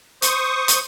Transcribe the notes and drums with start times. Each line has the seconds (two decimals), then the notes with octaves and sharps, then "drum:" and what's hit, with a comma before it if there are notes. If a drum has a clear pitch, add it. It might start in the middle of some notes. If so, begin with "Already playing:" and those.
0.22 C5 C#6 D#6, drum: hi-hat
0.68 drum: hi-hat